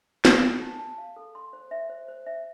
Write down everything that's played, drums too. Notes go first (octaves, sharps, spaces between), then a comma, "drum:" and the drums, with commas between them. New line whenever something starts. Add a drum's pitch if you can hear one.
G4, drum: snare
G4
A5
A5
F5
A4
C6
C5
E5
C5
C5
E5